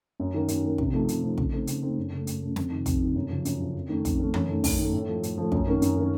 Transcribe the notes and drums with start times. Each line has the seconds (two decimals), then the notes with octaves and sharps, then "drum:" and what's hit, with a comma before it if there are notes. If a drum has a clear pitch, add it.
0.20 F#2
0.34 D#3 A#3
0.48 F#2, drum: hi-hat
0.64 D#3 A#3
0.78 C3, drum: kick
0.93 F3 A3 C4 D#4
1.08 C3, drum: hi-hat
1.23 F3 A3 C4 D#4
1.38 C#3, drum: kick
1.53 A3 C4 D#4
1.67 C#3, drum: hi-hat
1.83 A3 C4 D#4
1.98 F#2
2.12 C#3 A3
2.27 F#2, drum: hi-hat
2.41 C#3 A3
2.56 F2, drum: snare
2.71 C3 D#3
2.86 F2, drum: kick, hi-hat
3.00 C3 D#3
3.15 F#2
3.30 C#3 F3
3.45 F#2, drum: hi-hat
3.60 C#3 F3
3.75 F2
3.89 D#3 A3 C#4
4.05 F2, drum: kick, hi-hat
4.20 D#3 A3 C#4
4.34 F#2, drum: tom E3
4.49 D#3 A3
4.64 F#2, drum: kick, open hi-hat
4.79 D#3 A3
4.93 A2
5.07 F3 A3
5.23 A2, drum: hi-hat
5.38 F3 A3
5.52 F#2, drum: kick
5.67 D#3 A#3 C#4
5.82 F#2, drum: hi-hat
5.96 D#3 A#3 C#4